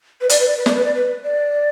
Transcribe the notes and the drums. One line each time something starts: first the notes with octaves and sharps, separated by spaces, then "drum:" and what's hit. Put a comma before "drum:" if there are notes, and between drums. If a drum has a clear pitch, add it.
B4
D5, drum: hi-hat
B4
D5
B4
D5, drum: snare
B4
D5
B4
D5